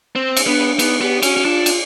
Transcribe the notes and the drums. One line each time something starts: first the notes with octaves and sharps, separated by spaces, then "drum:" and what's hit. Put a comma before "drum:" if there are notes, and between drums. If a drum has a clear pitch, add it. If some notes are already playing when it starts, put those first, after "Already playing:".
C4
drum: cymbal
B3 D4
B3 D#4, drum: cymbal
B3 G4
C#4 F#4, drum: cymbal
C#4
D4 F4
drum: cymbal